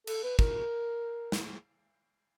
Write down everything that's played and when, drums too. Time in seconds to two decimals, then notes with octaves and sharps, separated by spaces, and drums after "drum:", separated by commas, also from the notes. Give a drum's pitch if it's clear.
0.07 A4, drum: cymbal
0.23 B4
0.39 A#4, drum: kick
1.32 drum: snare